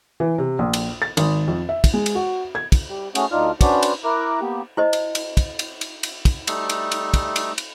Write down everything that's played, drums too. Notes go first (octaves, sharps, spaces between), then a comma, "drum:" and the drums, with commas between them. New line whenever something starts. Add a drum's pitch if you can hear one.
E3
C3
A#1
drum: cymbal
A6
G#1, drum: cymbal
F2
E5
drum: kick, cymbal
G#3
drum: cymbal
F#4
G#6
drum: kick, cymbal
G3
A3 C#4 F#4 G#4, drum: cymbal
D2 D4 D#4 F4 F6
C#4 D4 F#4 B4 C5 D5, drum: kick, cymbal
drum: cymbal
E4 A#4 D6 F#6
A#3 B3 G4
E4 C5 D#5
drum: cymbal
drum: cymbal
drum: kick, cymbal
drum: cymbal
drum: cymbal
drum: cymbal
drum: kick, cymbal
G3 A3 D#4 A4, drum: cymbal
drum: cymbal
drum: cymbal
drum: kick, cymbal
drum: cymbal
drum: cymbal